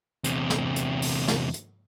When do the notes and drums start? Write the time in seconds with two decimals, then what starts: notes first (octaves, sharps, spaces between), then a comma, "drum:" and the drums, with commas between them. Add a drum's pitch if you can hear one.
0.24 E2 C3, drum: hi-hat
0.50 drum: snare
0.76 drum: hi-hat
1.02 drum: open hi-hat
1.28 drum: snare
1.54 drum: hi-hat